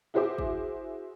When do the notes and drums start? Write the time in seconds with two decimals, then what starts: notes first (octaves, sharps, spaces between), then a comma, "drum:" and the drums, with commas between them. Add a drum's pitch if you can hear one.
0.14 E4 F#4 G#4 C5 E5 D6
0.38 drum: kick